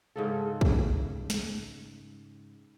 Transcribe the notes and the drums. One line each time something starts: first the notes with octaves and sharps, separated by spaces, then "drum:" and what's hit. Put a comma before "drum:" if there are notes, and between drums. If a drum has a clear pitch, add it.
G#2 C#3 A4
drum: kick
drum: snare